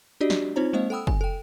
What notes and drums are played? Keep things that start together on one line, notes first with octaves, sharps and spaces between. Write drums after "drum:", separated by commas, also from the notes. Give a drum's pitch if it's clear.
D4 F#4 G4 D5 D#5
drum: snare
C4 D#4 F4 C5 C#5 A#5
G#3 A#3 C4 C5 D#5 F5
A4 F#5 G5 B5 D#6 E6
G#5, drum: kick
A4 G5